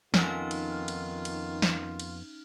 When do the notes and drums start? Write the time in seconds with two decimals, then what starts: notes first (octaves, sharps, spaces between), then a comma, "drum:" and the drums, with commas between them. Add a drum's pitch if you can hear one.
0.14 F2 D#3 B3 C#4 D#4 F4 A4 F6, drum: snare
0.51 drum: cymbal
0.88 drum: cymbal
1.25 drum: cymbal
1.62 drum: snare
1.99 drum: cymbal